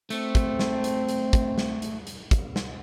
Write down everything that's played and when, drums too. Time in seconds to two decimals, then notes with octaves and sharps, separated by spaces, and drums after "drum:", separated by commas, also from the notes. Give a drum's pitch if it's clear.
0.10 A3 C4, drum: hi-hat
0.35 drum: kick, hi-hat
0.59 drum: snare
0.84 drum: hi-hat
1.09 drum: hi-hat
1.33 drum: kick, hi-hat
1.58 drum: snare
1.82 drum: hi-hat
2.07 drum: hi-hat
2.31 drum: kick, hi-hat
2.56 drum: snare